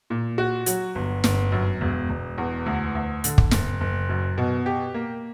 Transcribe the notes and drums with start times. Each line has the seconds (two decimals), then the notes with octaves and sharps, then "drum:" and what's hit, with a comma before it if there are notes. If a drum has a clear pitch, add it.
0.10 A#2
0.38 F#4
0.66 F#3, drum: hi-hat
0.95 G1
1.24 G1, drum: snare
1.52 F#2
1.81 E1
2.10 E1
2.38 E2
2.66 D2
2.95 D2
3.24 D3, drum: hi-hat
3.38 drum: kick
3.51 F#1, drum: snare
3.81 F#1
4.09 F#2
4.38 B2
4.66 G4
4.94 A#3